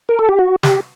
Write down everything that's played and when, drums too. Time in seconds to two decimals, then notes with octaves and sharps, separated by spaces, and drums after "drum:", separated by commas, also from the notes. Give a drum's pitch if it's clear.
0.09 A#4
0.19 A4
0.29 G4
0.39 F#4
0.63 G4, drum: snare